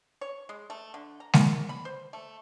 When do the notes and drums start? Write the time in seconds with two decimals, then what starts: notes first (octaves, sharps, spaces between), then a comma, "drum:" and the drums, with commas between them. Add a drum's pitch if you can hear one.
0.21 C#5
0.49 G#3
0.70 A3
0.94 D3
1.20 A#5
1.34 A#4, drum: snare G#3
1.69 B5
1.85 C5
2.13 A3